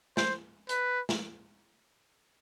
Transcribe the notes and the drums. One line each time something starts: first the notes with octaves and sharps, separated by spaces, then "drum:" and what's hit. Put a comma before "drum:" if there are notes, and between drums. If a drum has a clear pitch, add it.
C5, drum: snare
B4, drum: hi-hat
drum: snare